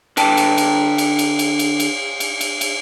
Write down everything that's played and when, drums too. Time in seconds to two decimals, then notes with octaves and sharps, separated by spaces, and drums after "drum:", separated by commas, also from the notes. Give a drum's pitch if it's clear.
0.17 D3 B4 G5 A5, drum: cymbal
0.37 drum: cymbal
0.58 drum: cymbal
0.98 drum: cymbal
1.19 drum: cymbal
1.39 drum: cymbal
1.59 drum: cymbal
1.80 drum: cymbal
2.20 drum: cymbal
2.41 drum: cymbal
2.61 drum: cymbal